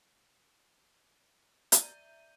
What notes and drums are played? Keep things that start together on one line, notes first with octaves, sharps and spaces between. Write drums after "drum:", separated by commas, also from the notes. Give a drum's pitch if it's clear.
D5 E5 A#5 G6 D#7, drum: hi-hat